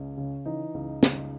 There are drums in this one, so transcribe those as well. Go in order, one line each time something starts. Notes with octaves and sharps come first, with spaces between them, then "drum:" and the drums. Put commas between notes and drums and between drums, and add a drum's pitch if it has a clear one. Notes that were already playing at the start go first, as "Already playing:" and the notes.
Already playing: C#2 C#4
C#3
E3 D#4
C#2
C#2, drum: snare